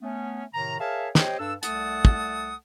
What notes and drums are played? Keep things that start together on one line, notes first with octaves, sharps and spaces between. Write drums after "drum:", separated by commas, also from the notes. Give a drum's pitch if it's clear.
A3 B3 C#4
A2 C3 D#3 A#5
G#4 A#4 C#5 E5 F5 A5
G4 C5 C#5 D#5 G5, drum: snare
G2 D4 A4 E6
C2 A3 A4 F#5 A5 D#6, drum: hi-hat
drum: kick